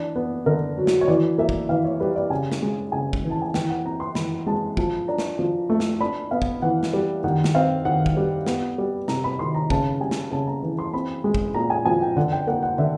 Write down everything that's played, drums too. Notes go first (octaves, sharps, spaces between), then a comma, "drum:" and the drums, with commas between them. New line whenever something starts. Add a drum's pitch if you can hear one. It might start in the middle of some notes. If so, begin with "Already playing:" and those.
Already playing: E3 D4
B3
D3 A#4
F#3
drum: snare
C#5
E3 D5
A#3 E5
drum: kick
E3 F5
C#5
G3 B4
D5
C#3 G#5
drum: snare
G#3
C#3 G#5
drum: kick
E3
A5
G#5
E3 G5, drum: snare
F#5
C4 A#5
C6
E3 B5, drum: snare
G#3 A5
F3 A5, drum: kick
D4 A#5
drum: snare
F3
A3
drum: snare
D4 B5
B3 F5
drum: kick
E3 F#5
drum: snare
G3
D#3 F#5
drum: snare
C4 F5
D#3 F#5
drum: kick
G3
B3, drum: snare
G3
C3 A#5, drum: snare
B5
D#3 C6
A#5
C#3 A5, drum: kick
G3 G#5
drum: snare
C#3 A5
A#5
E3
C6
C4 B5
G#3
drum: kick
A#2 A#5
G#5
F3 G#5
G5
D3 F#5
G5
A#3 F#5
F#5
D3 E5